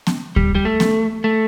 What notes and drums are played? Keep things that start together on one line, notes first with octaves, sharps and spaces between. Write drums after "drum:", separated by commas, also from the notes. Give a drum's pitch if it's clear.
drum: snare B3
G3, drum: kick D2
G3
A3
drum: snare B3
A3